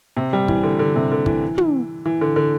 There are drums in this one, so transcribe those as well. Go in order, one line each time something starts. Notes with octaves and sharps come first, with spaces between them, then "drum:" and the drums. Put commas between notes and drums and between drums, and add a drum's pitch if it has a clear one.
C3
G3
E3, drum: kick
D3
D3
C3
D3
E3, drum: kick
drum: tom
E3
D3
D3